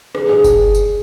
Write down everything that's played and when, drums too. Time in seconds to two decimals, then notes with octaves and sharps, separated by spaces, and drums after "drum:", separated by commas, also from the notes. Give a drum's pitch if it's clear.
0.15 G#4, drum: rim click
0.29 G#4
0.44 drum: kick F#1, tambourine
0.75 drum: tambourine